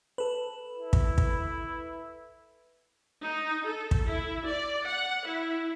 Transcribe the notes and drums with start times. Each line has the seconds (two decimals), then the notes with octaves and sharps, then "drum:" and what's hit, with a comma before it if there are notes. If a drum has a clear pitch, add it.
0.18 A4 B4
0.77 E4
0.93 drum: kick
1.18 drum: kick
3.22 D#4
3.63 A4
3.91 drum: kick
4.07 E4
4.45 D5
4.85 F#5
5.23 E4